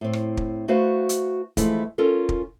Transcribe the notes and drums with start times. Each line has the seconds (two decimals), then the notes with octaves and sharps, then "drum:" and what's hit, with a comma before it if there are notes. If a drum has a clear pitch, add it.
0.01 A2 C4
0.13 drum: rim click
0.37 drum: kick
0.68 A3 F#4 B4 C5 F5
1.09 drum: hi-hat
1.57 E3 F3 G#3 A3 E4, drum: kick, hi-hat
1.98 C#4 F4 A4 A#4
2.29 drum: kick